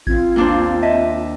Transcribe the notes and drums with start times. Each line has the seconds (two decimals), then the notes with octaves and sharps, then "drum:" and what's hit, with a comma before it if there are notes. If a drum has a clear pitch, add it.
0.07 C4 F4 G#6, drum: kick A1
0.36 D#2 D4 C5
0.83 D#5 E5 A5